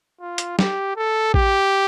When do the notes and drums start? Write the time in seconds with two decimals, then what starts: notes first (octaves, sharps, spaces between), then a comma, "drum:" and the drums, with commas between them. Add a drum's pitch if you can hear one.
0.21 F4
0.38 drum: hi-hat
0.59 G4, drum: snare
0.97 A4
1.34 G4, drum: kick A1